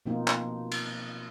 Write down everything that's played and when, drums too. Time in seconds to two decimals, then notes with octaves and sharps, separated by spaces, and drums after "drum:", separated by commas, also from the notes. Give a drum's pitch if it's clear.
0.06 B2 F3 A#3 C4 D#4 F4
0.28 drum: clap
0.72 drum: cymbal